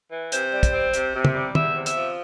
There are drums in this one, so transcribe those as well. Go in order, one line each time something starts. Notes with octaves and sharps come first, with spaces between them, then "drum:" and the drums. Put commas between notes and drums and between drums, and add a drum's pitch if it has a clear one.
E3
C3 C5, drum: hi-hat
G3
drum: kick, hi-hat
C4
C3, drum: hi-hat
C3
drum: tom
G3
E2 E5, drum: tom
C3
E5, drum: hi-hat
F3